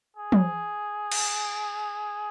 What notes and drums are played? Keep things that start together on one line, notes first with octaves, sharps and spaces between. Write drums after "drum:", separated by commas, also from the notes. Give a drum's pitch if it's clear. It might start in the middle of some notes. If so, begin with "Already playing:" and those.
G#4
drum: tom
drum: cymbal